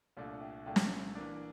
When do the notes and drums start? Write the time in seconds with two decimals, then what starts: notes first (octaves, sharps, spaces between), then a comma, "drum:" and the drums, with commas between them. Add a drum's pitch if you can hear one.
0.17 C2 A#2 A3 D4 D5 F5
0.41 E5 G5
0.66 C2 A#2 A3 D4 E5 G5
0.76 drum: snare
1.15 E3 A#3 D4